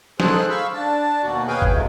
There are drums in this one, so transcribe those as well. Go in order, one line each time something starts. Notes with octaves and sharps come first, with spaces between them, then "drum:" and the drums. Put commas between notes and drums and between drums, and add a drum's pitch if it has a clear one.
G#2 G#4 A4 C5 F#6, drum: snare
F5 B5 C#6 E6
D4 A5
D#2 B2 F#4
G#4 B4 C#5 F5 G5 G#5
drum: kick F#1
F2 G#2 B2 G#3 A3